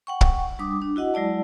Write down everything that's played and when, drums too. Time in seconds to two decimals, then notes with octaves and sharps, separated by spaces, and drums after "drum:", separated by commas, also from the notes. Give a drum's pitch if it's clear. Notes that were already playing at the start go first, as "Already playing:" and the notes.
0.07 F#5 G5 C#6
0.21 drum: kick
0.59 G3 D4 D6 D#6
0.82 D4
0.96 E4 F#4 D#5 F#5
1.14 F#3 G#3 E4 D5 A5